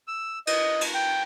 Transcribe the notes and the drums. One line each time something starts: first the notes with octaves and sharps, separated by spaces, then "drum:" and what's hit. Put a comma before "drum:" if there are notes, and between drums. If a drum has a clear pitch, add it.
E6
D#5, drum: cymbal
drum: cymbal
G5